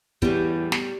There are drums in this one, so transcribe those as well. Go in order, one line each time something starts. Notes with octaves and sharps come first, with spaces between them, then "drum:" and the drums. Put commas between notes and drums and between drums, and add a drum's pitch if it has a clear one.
E2 A2 G3, drum: kick
drum: snare